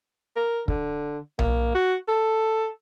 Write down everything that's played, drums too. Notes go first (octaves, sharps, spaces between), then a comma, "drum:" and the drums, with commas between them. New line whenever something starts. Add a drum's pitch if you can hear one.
A#4
D3, drum: kick
A#3, drum: tom B1
F#4
A4